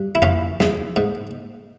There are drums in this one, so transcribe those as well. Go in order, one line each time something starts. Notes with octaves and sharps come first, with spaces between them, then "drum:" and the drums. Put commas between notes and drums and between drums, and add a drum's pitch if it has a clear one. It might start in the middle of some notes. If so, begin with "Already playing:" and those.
Already playing: G2
E4
E3 C#4 F4, drum: tom F2
E2, drum: snare
G#2